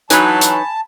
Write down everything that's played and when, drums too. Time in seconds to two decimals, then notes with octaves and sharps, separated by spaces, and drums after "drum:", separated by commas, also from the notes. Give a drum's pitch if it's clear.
0.10 E3 F#3 D#4 B4 C#5 G#5 A5 B5, drum: hi-hat
0.41 drum: hi-hat